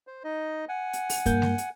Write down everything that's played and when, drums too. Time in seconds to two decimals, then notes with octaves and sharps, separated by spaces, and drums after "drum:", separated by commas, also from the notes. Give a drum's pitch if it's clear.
0.07 C5
0.24 D#4 D#5
0.69 F#5 G#5
0.93 drum: hi-hat
1.10 drum: open hi-hat
1.26 G2 A#3 G6, drum: kick, hi-hat
1.42 drum: snare G#3
1.58 drum: hi-hat